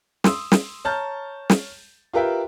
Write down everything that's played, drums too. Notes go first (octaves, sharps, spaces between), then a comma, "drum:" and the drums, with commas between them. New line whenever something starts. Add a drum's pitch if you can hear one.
C6 D#6 E6, drum: snare
drum: snare
C#5 A5 A#5 F6 G6 A6
drum: snare
F4 G4 A#4 B4 E5 G5